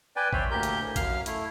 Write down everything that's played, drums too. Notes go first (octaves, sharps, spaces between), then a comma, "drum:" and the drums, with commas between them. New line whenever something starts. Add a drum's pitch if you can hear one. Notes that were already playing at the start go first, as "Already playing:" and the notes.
B4 D5 G5 G#5
C5 C#5 E5 G5 B5, drum: kick
D2 A#2 G4 A#4 G6
drum: hi-hat
A2
F#2 F5 F6, drum: kick, hi-hat
A3 E4, drum: hi-hat